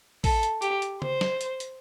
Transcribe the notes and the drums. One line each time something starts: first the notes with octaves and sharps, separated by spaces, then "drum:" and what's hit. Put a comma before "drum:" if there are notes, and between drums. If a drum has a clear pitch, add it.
A4, drum: kick, open hi-hat
drum: hi-hat
G4, drum: hi-hat
drum: hi-hat
C5, drum: tom C#3
drum: snare
drum: hi-hat
drum: hi-hat